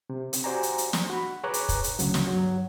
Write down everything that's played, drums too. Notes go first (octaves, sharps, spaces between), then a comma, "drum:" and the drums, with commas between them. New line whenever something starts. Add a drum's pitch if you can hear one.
C3
drum: hi-hat
F#4 G4 C5 D5 G#5 A#5
drum: hi-hat
drum: hi-hat
drum: snare
F#4 B5
G#4 B4 C#5 A#5 D6 F#6
drum: hi-hat
drum: kick, hi-hat
drum: hi-hat
D2 C#3 F#3, drum: hi-hat
drum: snare
G2 F#3